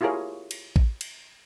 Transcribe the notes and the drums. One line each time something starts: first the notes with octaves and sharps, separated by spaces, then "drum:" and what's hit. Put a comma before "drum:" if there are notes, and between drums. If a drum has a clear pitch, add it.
E4 F4 G4 G#4 A#4 C#5
drum: cymbal
drum: kick A1
drum: cymbal